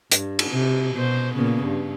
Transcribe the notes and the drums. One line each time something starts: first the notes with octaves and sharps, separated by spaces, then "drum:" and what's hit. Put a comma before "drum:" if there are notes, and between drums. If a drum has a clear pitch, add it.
G2, drum: hi-hat
drum: cymbal
C3
B2 C5
A#2 C#3 B3
G2